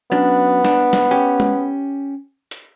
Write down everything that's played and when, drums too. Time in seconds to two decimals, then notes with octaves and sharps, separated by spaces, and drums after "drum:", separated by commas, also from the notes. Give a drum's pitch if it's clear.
0.12 F#3 B3 C#4 D4
0.64 D4, drum: snare
0.93 drum: snare
1.11 C#4 G4
1.40 drum: tom
2.51 drum: hi-hat